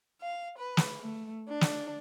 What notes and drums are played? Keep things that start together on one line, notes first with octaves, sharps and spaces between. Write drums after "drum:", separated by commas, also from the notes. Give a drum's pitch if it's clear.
F5
B4
drum: snare
A3
D4
drum: snare